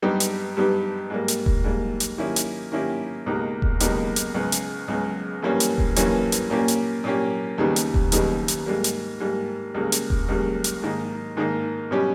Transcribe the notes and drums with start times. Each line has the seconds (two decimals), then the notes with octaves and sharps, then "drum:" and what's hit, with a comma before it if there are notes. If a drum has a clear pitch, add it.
0.02 G2 G3 B3 D#4 G4
0.20 drum: hi-hat
0.57 G2 G3 B3 D#4 G4
1.10 G#2 G3 A#3
1.28 drum: hi-hat
1.46 drum: kick E1
1.64 G#2 G3 A#3
2.00 drum: hi-hat
2.18 D#3 A#3 C#4 E4 G4
2.36 drum: hi-hat
2.72 D#3 A#3 C#4 E4 G4
3.26 C#2 B2 A#3 D#4 G4
3.62 drum: kick E1
3.80 C#2 B2 A#3 D#4 G4, drum: hi-hat
4.16 drum: hi-hat
4.34 C#2 C#3 G#3 B3
4.52 drum: hi-hat
4.88 C#2 C#3 G#3 B3
5.42 G2 E3 G3 A#3 C#4
5.60 drum: hi-hat
5.78 drum: kick E1
5.96 G2 E3 G3 A#3 C#4, drum: hi-hat
6.32 drum: hi-hat
6.50 A#2 A#3 C#4 G4
6.68 drum: hi-hat
7.04 A#2 A#3 C#4 G4
7.58 D#2 C#3 G3 B3 D#4
7.76 drum: hi-hat
7.94 drum: kick E1
8.12 D#2 C#3 G3 B3 D#4, drum: hi-hat
8.48 drum: hi-hat
8.66 G#2 G3 A#3
8.84 drum: hi-hat
9.20 G#2 G3 A#3
9.74 C#2 C#3 G3 A#3
9.92 drum: hi-hat
10.10 drum: kick E1
10.28 C#2 C#3 G3 A#3
10.64 drum: hi-hat
10.82 G#2 D#3 A#3 D#4
11.37 G#2 D#3 A#3 D#4
11.91 B2 G3 C#4 G4